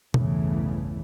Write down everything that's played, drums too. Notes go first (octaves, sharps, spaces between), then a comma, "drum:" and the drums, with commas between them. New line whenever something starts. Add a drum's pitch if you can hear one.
B1 E2 G2 C#3 E3 A3, drum: tom B2